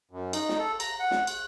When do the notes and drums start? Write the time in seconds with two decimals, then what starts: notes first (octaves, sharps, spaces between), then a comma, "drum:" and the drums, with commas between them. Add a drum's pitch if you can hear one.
0.11 F#2
0.33 D#4, drum: cymbal
0.49 drum: snare
0.59 A4
0.80 A#5, drum: cymbal
1.00 F#5
1.11 drum: snare
1.27 F#6, drum: cymbal